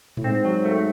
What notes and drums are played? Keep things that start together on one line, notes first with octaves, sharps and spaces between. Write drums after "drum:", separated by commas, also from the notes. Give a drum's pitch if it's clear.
A2, drum: tom A2
G#2 C4
F#3
A3